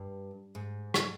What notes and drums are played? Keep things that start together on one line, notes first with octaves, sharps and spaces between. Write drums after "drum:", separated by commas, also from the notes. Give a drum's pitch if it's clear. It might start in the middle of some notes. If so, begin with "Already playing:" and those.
Already playing: G2
G#2
drum: rim click